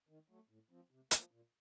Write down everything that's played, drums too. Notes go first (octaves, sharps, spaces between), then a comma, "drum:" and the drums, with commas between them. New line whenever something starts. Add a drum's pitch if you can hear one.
D#3
F#3 A3
A2
F3 C4
C3
F3 A#3, drum: hi-hat
A#2